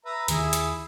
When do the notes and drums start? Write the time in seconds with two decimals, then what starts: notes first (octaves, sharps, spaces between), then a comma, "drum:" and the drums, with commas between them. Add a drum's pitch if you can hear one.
0.05 B4 E5 A#5
0.28 D#2 D#3 E4 G#4, drum: hi-hat
0.53 drum: hi-hat